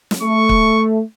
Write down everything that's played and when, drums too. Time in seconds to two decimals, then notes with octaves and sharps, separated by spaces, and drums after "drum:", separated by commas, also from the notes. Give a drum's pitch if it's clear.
0.11 drum: snare
0.22 A3 C#6
0.49 drum: kick